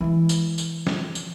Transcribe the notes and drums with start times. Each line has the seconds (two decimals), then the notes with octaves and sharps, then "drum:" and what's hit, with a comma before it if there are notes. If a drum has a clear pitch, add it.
0.01 E3 G#3
0.29 drum: tambourine
0.58 drum: tambourine
0.87 drum: snare
1.15 drum: tambourine